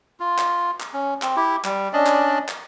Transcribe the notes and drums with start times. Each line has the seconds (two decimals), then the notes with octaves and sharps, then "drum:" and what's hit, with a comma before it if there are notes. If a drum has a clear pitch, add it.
0.20 F4
0.38 drum: clap
0.80 drum: clap
0.94 C#4
1.22 C4, drum: clap
1.36 E4 G4
1.64 G3, drum: clap
1.93 C#4 D4 D5 D#5
2.06 drum: clap
2.48 drum: clap